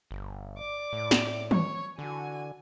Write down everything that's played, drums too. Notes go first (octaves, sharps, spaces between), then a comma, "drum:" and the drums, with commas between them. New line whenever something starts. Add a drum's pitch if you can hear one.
G1
D5 D6
A2
drum: snare
C#5, drum: tom
D3 E3 F#4 G#5